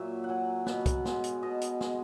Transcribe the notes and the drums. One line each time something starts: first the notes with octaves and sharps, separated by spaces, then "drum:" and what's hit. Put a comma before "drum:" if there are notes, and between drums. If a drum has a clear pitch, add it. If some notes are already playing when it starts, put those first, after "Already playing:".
Already playing: A#2 F#3 C#5 E5
F#5
F#3 G#5
B2 F#5, drum: snare
drum: kick, hi-hat
G#3, drum: snare
drum: hi-hat
B2 D#5
drum: hi-hat
G#3, drum: snare